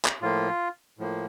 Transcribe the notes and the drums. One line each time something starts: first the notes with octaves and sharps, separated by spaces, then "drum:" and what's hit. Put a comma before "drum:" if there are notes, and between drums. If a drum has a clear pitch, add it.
drum: clap
A2 F3 A#3 F4
A2 F3 A#3